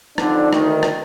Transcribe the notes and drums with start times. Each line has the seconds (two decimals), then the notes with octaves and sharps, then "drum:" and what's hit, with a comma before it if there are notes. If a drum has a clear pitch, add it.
0.18 F2 D3 D4 D#4, drum: rim click
0.53 D2 D#3, drum: rim click
0.83 drum: rim click